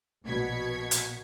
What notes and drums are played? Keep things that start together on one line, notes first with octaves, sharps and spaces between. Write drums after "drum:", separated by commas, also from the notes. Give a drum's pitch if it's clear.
A#1 B2 G#6 B6 C#7
drum: hi-hat